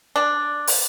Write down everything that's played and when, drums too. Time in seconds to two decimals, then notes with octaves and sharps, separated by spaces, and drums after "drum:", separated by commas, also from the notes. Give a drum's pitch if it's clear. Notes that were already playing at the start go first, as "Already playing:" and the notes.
0.16 D4
0.67 drum: open hi-hat